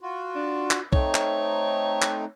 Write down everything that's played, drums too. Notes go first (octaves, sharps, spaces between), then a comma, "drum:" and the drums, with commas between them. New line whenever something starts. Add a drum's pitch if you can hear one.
F4 F#4
D4
drum: clap
A3 C4 D#4 C#5, drum: kick B1
drum: clap
drum: clap